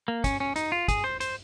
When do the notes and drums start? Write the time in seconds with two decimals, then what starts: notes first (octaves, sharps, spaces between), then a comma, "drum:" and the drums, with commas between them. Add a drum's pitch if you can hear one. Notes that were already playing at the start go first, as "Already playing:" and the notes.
0.08 A#3
0.24 C#4, drum: kick, hi-hat
0.40 C#4
0.56 D#4, drum: hi-hat
0.72 F4
0.88 G#4, drum: kick, hi-hat
1.04 C5
1.20 C5, drum: hi-hat